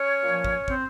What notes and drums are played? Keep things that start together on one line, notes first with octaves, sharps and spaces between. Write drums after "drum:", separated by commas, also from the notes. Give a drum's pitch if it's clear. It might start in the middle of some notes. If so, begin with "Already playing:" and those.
Already playing: C#4 C#5
A#2 F3
drum: kick
C4 C5, drum: kick